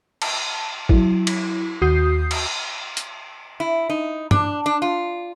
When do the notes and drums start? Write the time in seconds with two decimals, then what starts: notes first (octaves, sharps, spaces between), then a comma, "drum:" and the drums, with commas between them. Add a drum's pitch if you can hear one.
0.22 A5, drum: cymbal
0.89 F#3 E4, drum: kick
1.27 drum: cymbal
1.82 D#2 F#4 D#6 G6 C7
2.31 drum: cymbal
2.97 drum: hi-hat
3.60 E4
3.90 D#4
4.31 D4, drum: tom
4.66 D4
4.82 F4